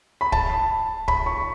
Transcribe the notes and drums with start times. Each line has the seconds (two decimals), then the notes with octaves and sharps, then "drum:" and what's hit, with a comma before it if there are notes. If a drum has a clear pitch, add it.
0.21 B5
0.32 A5, drum: kick D1
1.08 B5, drum: kick D1
1.26 C#6